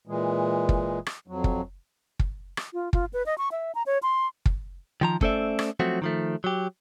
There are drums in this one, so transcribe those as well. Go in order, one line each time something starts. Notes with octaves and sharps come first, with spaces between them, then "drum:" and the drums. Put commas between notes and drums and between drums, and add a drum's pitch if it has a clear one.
A#2 E3 G#3
drum: kick
drum: rim click
F2 F#3
drum: kick
drum: kick
drum: rim click
F4
F4, drum: kick
B4
D#5
C#6
E5
A#5
C#5
C6
drum: kick
D#3 F3 A#5
A3 C#4 A4 C5 D5 E5, drum: kick
drum: rim click
F3 F#3 A3 C4 F#4
D#3 F3 A3
F#3 G4